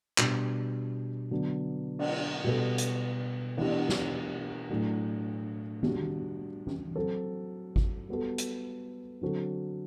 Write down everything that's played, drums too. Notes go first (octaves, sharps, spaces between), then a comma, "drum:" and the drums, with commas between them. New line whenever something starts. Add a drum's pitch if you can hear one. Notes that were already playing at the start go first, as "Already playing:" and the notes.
B2 G3 D4 G4, drum: clap
D3 F#3 B3 D4
drum: cymbal
B2 G3 B3 F#4 A4
drum: hi-hat
E3 B3 D4 G4, drum: cymbal
drum: snare
A2 F#3 A3 D4
G3 D4 F#4, drum: tom
drum: tom
F#3 C4 F#4 A4
drum: kick G#1
G3 B3 F#4 A4
drum: hi-hat
D3 F#3 C4 F#4 A4